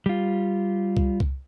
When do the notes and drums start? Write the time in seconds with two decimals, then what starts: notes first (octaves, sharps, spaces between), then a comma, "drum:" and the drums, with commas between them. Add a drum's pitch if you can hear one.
0.06 G3 F4
0.97 drum: kick C2
1.20 drum: kick C2